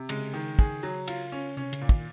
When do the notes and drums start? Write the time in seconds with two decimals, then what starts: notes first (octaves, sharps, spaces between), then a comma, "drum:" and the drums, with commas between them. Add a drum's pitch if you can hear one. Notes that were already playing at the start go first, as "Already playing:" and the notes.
Already playing: C3
0.09 C#3 G#3, drum: cymbal
0.34 D#3
0.59 G#4, drum: kick
0.83 F#3
1.08 F4, drum: cymbal
1.32 C#4
1.57 C3 C#4
1.73 C#3, drum: cymbal
1.81 A#2
1.89 D#3, drum: kick